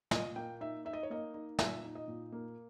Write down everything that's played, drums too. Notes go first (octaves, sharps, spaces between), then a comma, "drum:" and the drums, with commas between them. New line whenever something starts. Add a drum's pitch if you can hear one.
A#2 D#5, drum: snare
A#3 G5
D#4 E5
D#4 E5
D#5
C#5
A#3 D#5
D#4
A#2 E5, drum: snare
D#4
D#5
A#2
A#3